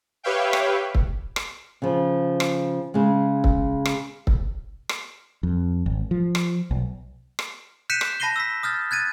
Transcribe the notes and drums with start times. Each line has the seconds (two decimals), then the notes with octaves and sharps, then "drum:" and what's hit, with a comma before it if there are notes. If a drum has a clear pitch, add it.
0.23 G4 B4 C#5 E5 F5 G5
0.53 drum: rim click
0.95 drum: kick
1.36 drum: rim click
1.82 C#3 F3
2.40 drum: rim click
2.94 C#3 G#3
3.44 drum: kick
3.85 drum: rim click
4.27 drum: kick
4.89 drum: rim click
5.43 F2
5.86 G#1
6.11 F3
6.35 drum: rim click
6.71 B1
7.39 drum: rim click
7.90 F#6 G6 B6 C#7 D#7 E7
8.01 drum: rim click
8.20 A5 B5 A#6 C7 D#7 G7
8.36 E6 B6
8.63 D#6 F6 G6 A6
8.91 F#6 G#6 A6 D#7